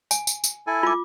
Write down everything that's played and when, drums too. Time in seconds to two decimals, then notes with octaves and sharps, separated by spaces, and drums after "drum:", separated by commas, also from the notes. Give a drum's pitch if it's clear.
0.11 G#5, drum: tambourine
0.27 drum: tambourine
0.44 drum: tambourine
0.67 E4 A4 G#5
0.83 F4 D6